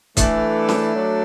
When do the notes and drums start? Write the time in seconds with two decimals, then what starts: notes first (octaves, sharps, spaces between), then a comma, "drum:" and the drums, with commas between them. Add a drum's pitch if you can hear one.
0.17 E3 A3 D4 A4 D5, drum: kick, hi-hat
0.69 drum: snare C#4
0.94 F#3